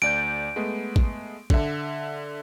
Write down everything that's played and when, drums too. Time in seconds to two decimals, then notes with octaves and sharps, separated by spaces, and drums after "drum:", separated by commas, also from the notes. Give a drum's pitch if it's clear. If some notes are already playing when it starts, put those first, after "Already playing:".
0.02 D2 D5 G6 D7
0.56 G#3 A3 B3
0.96 drum: kick A1
1.50 D3 E5, drum: kick A1